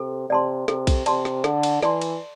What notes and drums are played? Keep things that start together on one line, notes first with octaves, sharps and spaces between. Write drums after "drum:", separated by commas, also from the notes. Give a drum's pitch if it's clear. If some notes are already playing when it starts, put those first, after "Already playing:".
Already playing: C3 A4
C3 D5 A5 C6
C3 A4, drum: snare
drum: kick B1, cymbal
C3 D5 A5 C6, drum: cymbal
drum: snare
D3 A4, drum: snare
drum: cymbal
E3 D5 A5 C6, drum: snare
drum: cymbal